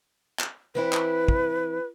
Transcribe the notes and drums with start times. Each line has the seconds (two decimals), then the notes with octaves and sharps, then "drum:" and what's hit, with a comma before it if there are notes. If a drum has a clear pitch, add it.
0.39 drum: clap
0.75 E3 C4 E4 B4
0.93 drum: clap
1.28 drum: kick